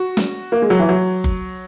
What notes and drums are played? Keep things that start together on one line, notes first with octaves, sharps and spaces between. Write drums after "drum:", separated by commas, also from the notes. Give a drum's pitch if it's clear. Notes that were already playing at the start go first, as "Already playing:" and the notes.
Already playing: F#4
drum: snare
A#3
G#3
F#3
E3
F#3
drum: kick F#1